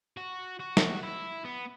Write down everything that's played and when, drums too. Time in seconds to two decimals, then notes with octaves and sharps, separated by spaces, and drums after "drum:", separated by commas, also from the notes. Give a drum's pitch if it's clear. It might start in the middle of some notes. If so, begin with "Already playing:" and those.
0.17 F#4
0.59 F#4
0.77 drum: snare
1.03 E4
1.45 B3